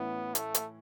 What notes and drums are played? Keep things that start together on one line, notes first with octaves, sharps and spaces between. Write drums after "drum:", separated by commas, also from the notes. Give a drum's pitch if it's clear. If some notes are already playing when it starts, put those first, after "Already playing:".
Already playing: A2 E3 B3 C#4 E4
A3, drum: hi-hat
drum: hi-hat